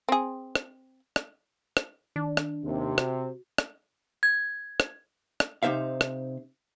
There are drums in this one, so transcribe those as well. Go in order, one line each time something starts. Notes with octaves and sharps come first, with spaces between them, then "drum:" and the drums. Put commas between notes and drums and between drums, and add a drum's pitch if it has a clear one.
C4 G#4
drum: rim click
drum: rim click
drum: rim click
D#3 D4
drum: rim click
D#2 C3
F#4 C5, drum: rim click
drum: rim click
G#6
drum: rim click
drum: rim click
C3 D#4 C5 E5 F5
drum: rim click